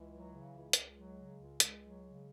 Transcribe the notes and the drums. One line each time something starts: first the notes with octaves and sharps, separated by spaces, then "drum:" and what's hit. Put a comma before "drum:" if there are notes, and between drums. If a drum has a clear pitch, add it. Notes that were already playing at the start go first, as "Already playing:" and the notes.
Already playing: C#2 E3
F#3
C#3
C#2
C#2 G#3, drum: hi-hat
F#3
C#3
C#2
C#2, drum: hi-hat
F#3
C#3